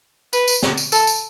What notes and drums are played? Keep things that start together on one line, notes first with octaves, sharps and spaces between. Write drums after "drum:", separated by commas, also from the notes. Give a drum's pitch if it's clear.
B4, drum: tambourine
drum: tambourine
drum: snare
drum: tambourine
A4, drum: tambourine
drum: tambourine